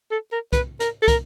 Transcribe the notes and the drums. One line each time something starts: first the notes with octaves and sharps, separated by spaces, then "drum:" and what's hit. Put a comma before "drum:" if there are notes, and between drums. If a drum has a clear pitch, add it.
A4
A#4
B4, drum: kick, hi-hat
A#4, drum: hi-hat
A4
A#4, drum: kick, hi-hat